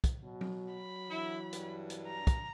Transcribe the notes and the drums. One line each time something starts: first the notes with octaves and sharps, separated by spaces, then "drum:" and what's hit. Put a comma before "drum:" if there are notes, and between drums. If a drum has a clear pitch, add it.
drum: kick, hi-hat
B2 F#3
drum: tom F#3
B5
D3 E3 E4
G2, drum: hi-hat
drum: hi-hat
A#5
drum: kick, hi-hat